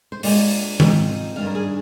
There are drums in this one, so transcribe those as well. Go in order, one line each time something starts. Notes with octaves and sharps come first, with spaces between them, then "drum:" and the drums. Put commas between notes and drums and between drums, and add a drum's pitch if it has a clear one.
C5
A#2 G#3 D4 D5, drum: open hi-hat
G#2 F3 C4 D#4, drum: tom D#3
G2 D#3 A#3 D4 F5
A#4
G#4